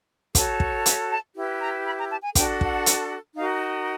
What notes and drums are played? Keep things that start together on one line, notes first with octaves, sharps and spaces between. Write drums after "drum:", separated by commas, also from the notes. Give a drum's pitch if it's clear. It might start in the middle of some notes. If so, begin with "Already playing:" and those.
F#4 A4 C#5, drum: kick, hi-hat
drum: kick
E5, drum: hi-hat
A5
E4 G4 B4
A#5
B5
A#5
A5
G#5
D4 F#4 A4 G5, drum: kick, hi-hat
F#5, drum: kick
drum: hi-hat
D#4 F#4 A#4 F5